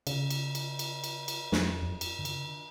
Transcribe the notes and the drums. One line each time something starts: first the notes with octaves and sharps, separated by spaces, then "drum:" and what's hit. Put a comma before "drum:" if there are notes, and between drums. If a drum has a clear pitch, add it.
C#3, drum: cymbal
drum: cymbal
drum: cymbal
drum: cymbal
drum: cymbal
drum: cymbal
F2, drum: snare
F2
F#2
drum: cymbal
D3
C#3, drum: cymbal
D3